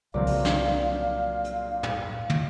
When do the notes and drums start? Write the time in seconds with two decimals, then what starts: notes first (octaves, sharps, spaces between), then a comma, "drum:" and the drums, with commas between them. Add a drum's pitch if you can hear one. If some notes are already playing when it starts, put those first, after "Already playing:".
0.14 C2 A#2 C#3 F3 F#3 C4 D5 F5
0.27 drum: open hi-hat
0.45 drum: snare
1.44 drum: hi-hat
1.83 drum: tom
2.30 drum: tom